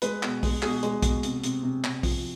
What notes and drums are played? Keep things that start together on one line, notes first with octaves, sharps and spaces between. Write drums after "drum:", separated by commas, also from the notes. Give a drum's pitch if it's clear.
G#3 B4, drum: hi-hat
B2, drum: clap
G#3, drum: kick, open hi-hat
B2 G#4, drum: clap
G#3, drum: hi-hat
B2, drum: kick, hi-hat
C3, drum: hi-hat
C3, drum: hi-hat
C3
C3, drum: clap
F3, drum: kick, open hi-hat